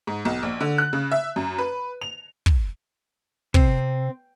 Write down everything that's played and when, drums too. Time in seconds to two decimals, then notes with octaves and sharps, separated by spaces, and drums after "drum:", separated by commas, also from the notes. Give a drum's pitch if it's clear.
0.07 G#2
0.25 B1
0.43 A#1
0.61 D3
0.78 F#6
0.93 C#3
1.12 E5
1.36 F#2
1.59 B4
2.01 F7
2.46 drum: kick
3.54 C3 C4, drum: kick